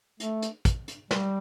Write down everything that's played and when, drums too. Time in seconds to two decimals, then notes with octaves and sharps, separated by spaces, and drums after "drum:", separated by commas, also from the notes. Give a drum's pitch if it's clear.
0.20 A3, drum: hi-hat
0.42 drum: hi-hat
0.65 drum: kick, hi-hat
0.88 drum: hi-hat
1.11 G3, drum: snare